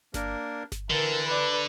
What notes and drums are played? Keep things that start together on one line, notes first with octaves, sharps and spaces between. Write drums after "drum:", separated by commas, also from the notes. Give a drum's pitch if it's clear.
A#3 D4 A#4, drum: snare G1
drum: snare G1
D3 E3 A#4 A5
B4 D5